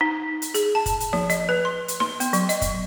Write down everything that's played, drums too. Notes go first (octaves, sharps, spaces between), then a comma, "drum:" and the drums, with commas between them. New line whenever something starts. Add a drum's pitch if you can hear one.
D#4
drum: hi-hat
G#4, drum: hi-hat
A5
drum: kick, hi-hat
drum: hi-hat
F3, drum: snare D#4
D#5, drum: hi-hat
B4
C6
drum: hi-hat
C6, drum: snare D#4
B3, drum: hi-hat
F#3, drum: hi-hat
D#5, drum: hi-hat
drum: kick, hi-hat